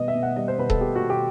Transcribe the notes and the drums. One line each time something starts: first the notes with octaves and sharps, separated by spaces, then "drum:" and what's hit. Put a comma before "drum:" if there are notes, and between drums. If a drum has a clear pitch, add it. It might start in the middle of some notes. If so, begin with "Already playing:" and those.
Already playing: B2 G3 B3 D#5
E5
B2
F#5
G3 D#5
C5
B2 B4
A4, drum: kick D#1
B3 G4
F#4
B2
G4